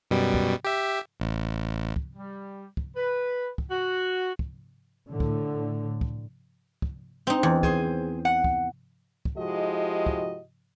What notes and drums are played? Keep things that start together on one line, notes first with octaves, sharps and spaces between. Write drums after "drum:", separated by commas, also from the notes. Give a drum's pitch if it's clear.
F#2 B2 G3
drum: kick
G4 E5
A1
drum: kick
G3
drum: kick
B4
drum: kick
F#4
drum: kick
A2 D3
drum: kick
drum: kick
drum: kick
C4 D#4
E2
G#4 C5, drum: kick
F#5
drum: kick
drum: kick
F3 G#3 E4 F#4 G4 D#5
drum: kick